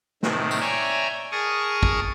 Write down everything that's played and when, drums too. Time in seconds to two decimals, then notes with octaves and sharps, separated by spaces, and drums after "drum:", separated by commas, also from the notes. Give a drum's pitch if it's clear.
0.23 A2 C3 D#3, drum: snare
0.51 drum: tambourine
0.60 C#5 D5 E5 G5 G#5 A#5
1.32 G#4 A#4 A5 C#6 D#6
1.83 drum: kick